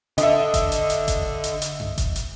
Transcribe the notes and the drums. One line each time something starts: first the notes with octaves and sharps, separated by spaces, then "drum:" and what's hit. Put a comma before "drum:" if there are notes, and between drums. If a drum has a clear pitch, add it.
D3 D#5 E5, drum: hi-hat
drum: kick F#1, hi-hat
drum: hi-hat
drum: hi-hat
drum: kick F#1, hi-hat
drum: hi-hat
drum: hi-hat
drum: tom F#2
drum: kick F#1, hi-hat
drum: hi-hat